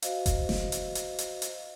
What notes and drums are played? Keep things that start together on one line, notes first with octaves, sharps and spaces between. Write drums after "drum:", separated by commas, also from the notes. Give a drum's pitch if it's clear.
F#4 C5 D#5 F5, drum: hi-hat
drum: kick F1, hi-hat
drum: snare
drum: hi-hat
drum: hi-hat
drum: hi-hat
drum: hi-hat